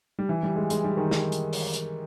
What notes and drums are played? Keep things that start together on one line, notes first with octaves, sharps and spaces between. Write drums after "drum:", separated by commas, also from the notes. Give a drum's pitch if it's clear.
G3
E3
G3
G#3
G#3, drum: hi-hat
G3
D#3
drum: snare
drum: hi-hat
drum: open hi-hat
drum: hi-hat